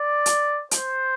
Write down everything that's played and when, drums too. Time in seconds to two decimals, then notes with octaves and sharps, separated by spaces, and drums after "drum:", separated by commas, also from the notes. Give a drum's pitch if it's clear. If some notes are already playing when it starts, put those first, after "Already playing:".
Already playing: D5
0.26 drum: hi-hat
0.71 C5, drum: hi-hat